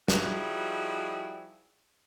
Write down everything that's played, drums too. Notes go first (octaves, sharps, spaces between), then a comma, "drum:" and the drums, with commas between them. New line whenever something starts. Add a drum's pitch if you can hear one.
F3 G3 D#4 E4 F#4 G#4, drum: snare